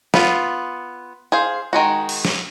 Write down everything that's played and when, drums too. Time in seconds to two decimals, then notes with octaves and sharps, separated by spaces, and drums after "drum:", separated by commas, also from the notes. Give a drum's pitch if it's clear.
0.14 B3 F4, drum: snare
1.32 G#4 C5 F5
1.73 D#3 G#3 F#4
2.09 drum: cymbal
2.25 drum: snare